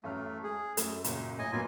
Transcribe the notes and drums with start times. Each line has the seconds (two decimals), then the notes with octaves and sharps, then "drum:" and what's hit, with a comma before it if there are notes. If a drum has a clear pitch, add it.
0.04 A1 F#2 A3 F6
0.44 G#3 G#4
0.77 F#2 A3, drum: hi-hat
1.04 C#2 A#2, drum: hi-hat
1.39 A2 D#5 G#5
1.53 A#2 F#3 A#3 B3 F4 G#5